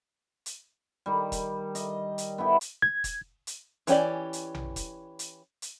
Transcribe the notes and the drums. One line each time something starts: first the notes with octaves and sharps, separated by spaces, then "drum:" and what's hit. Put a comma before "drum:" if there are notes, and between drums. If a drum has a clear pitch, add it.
drum: hi-hat
D#3 G3
drum: kick, hi-hat
D#5, drum: hi-hat
drum: hi-hat
B3 E4 G4
drum: hi-hat
G#6
drum: kick, hi-hat
drum: hi-hat
E3 C#4 G4 D5, drum: hi-hat
drum: hi-hat
drum: tom A#1
drum: kick, hi-hat
drum: hi-hat
drum: hi-hat